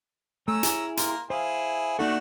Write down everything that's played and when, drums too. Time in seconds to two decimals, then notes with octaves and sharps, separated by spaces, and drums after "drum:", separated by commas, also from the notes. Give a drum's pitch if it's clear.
0.48 A3 C#4 A#5 E6
0.63 E4 G#4, drum: hi-hat
0.97 A#3 A#4 C6, drum: hi-hat
1.30 E4 G#4 C5 F5
1.99 A3 A#3 D4 D#4 F#4 A4